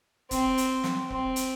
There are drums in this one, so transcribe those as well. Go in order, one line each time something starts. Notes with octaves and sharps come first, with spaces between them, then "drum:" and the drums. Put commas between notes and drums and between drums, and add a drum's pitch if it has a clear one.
C4, drum: kick, hi-hat
drum: hi-hat
drum: snare
C4, drum: kick
drum: hi-hat